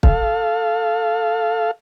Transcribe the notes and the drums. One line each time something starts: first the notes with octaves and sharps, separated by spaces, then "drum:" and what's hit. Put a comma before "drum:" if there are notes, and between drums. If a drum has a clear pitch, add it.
A4 F5, drum: kick